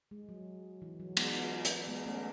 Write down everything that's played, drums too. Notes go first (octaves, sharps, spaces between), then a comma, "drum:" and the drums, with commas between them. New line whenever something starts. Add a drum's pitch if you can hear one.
G#3
F#3
E3
F#3
G#3 B3, drum: cymbal
drum: hi-hat
G#3 B3
A3 C#4